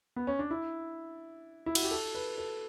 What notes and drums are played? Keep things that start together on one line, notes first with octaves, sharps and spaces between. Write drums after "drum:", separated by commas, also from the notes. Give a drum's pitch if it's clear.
B3
C#4
D4
E4
E4
F#4, drum: cymbal
G4
A4
B4
A4